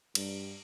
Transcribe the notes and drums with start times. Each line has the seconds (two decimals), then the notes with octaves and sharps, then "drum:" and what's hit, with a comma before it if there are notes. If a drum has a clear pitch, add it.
0.15 G2, drum: cymbal